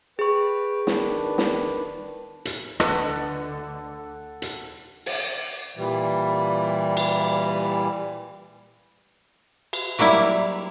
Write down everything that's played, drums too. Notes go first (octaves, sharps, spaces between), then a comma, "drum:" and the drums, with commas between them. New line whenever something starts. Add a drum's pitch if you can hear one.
G#4 B4 G5 C#6
D#3 D4 B4, drum: snare
drum: snare
drum: hi-hat
D2 D3 A4 B4 D#5 F#5, drum: rim click
drum: hi-hat
drum: open hi-hat
A#2 E3 G3
drum: cymbal
drum: cymbal
F#3 G3 A#3 E4